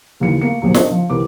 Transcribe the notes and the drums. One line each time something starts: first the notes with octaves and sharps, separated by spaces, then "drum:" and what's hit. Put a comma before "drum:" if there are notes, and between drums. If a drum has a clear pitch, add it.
F#1 D#2 C#3 E3 C#7
A3 A#3 C#7
A#1 D#2 F#3
C#4 D4 A#4 C5 D#5, drum: snare
F3
C2 E3 A#4 B4 D6